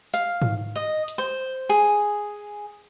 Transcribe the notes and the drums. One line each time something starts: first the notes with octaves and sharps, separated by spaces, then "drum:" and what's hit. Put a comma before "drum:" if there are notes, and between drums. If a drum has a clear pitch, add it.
F5, drum: hi-hat
drum: tom G#2
D#5
drum: hi-hat
C5
G#4